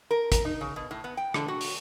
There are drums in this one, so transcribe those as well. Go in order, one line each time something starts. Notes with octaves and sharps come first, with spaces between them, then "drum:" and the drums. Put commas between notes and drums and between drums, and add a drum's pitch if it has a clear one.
A#4
A#4, drum: kick, hi-hat
D#4
C#3
B2
A2
B3
G5
D3, drum: rim click
F#4
drum: open hi-hat